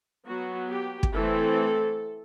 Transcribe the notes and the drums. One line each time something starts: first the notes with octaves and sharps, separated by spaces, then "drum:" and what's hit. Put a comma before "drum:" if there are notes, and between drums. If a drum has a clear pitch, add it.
F#3 B3 F#4
G4
drum: kick
E3 A3 C4 A4